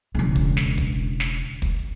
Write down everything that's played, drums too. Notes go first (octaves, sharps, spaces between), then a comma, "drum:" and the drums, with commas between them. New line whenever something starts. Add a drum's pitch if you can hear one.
E1 C#3
drum: kick
drum: snare
drum: kick
drum: snare
drum: kick